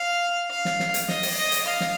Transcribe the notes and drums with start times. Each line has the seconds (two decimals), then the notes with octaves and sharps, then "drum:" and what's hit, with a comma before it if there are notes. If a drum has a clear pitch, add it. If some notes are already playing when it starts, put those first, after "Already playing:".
Already playing: F5
0.50 F5
0.65 drum: snare
0.80 drum: snare
0.94 drum: hi-hat
1.08 D#5, drum: snare
1.23 drum: open hi-hat
1.37 D#5
1.52 drum: hi-hat
1.66 F5
1.80 drum: snare